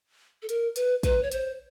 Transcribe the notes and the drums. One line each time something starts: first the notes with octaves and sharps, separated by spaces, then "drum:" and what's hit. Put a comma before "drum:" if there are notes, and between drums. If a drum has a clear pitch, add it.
A4
A#4, drum: hi-hat
B4, drum: hi-hat
B4, drum: kick, hi-hat
C#5
C5, drum: hi-hat